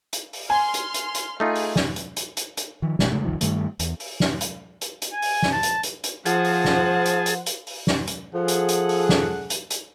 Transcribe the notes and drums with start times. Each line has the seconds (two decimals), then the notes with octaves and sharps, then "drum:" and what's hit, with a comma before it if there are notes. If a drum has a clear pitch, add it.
0.13 drum: hi-hat
0.33 drum: open hi-hat
0.50 G#5 C6 F6
0.74 drum: hi-hat
0.94 drum: hi-hat
1.15 drum: hi-hat
1.40 A3 D#4 F4 G#4
1.55 drum: open hi-hat
1.76 drum: snare
1.96 drum: hi-hat
2.16 drum: hi-hat
2.37 drum: hi-hat
2.57 drum: hi-hat
2.82 D#3 F3
2.99 A1 B2 G#3, drum: snare
3.11 C#3 G#3 A3
3.24 F#1 C2 D#3 F3
3.41 G2 D#3 G3 A3, drum: hi-hat
3.79 E2, drum: hi-hat
4.00 drum: open hi-hat
4.20 drum: snare
4.41 drum: hi-hat
4.81 drum: hi-hat
5.02 drum: hi-hat
5.13 G#5
5.22 drum: open hi-hat
5.42 drum: snare
5.52 A5
5.63 drum: hi-hat
5.83 drum: hi-hat
6.04 drum: hi-hat
6.26 F3 G#4 C5 F#5 A5, drum: hi-hat
6.44 drum: open hi-hat
6.65 drum: snare
7.06 drum: hi-hat
7.26 drum: hi-hat
7.46 drum: hi-hat
7.67 drum: open hi-hat
7.87 drum: snare
8.07 drum: hi-hat
8.34 F3 G#4 A4 F#5
8.48 drum: hi-hat
8.69 drum: hi-hat
8.89 drum: open hi-hat
9.09 drum: snare
9.50 drum: hi-hat
9.70 drum: hi-hat